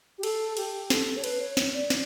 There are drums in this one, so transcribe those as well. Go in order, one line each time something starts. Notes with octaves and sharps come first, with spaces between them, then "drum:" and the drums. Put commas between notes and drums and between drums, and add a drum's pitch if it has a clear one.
G4
A4, drum: cymbal
G4, drum: cymbal
A4, drum: snare
C#5
B4, drum: cymbal
C#5
drum: snare
D5
drum: snare